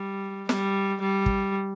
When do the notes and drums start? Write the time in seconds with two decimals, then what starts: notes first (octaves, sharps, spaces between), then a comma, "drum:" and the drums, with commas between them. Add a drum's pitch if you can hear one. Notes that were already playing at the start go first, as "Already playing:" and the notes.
Already playing: G3
0.49 G3, drum: snare
1.00 G3
1.26 drum: kick